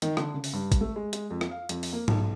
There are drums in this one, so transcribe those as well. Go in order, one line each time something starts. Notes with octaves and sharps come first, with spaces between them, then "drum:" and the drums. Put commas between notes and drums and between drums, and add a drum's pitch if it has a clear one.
D#3, drum: hi-hat
D3, drum: rim click
C#3
drum: open hi-hat
G2
drum: kick, hi-hat
A3
G#3
G#3, drum: hi-hat
F2
drum: rim click
F5
F2, drum: hi-hat
drum: open hi-hat
A#3
B1, drum: tom G#2